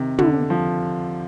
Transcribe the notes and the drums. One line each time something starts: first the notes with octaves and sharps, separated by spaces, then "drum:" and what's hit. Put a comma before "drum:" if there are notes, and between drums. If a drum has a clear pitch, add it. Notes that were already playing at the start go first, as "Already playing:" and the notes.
Already playing: C3 D#3
D3, drum: tom
F3